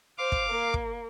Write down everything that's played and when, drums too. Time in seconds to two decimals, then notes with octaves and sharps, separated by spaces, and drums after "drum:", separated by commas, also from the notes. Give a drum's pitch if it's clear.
0.18 C5 F5 D6
0.32 drum: kick
0.49 A#3
0.74 drum: kick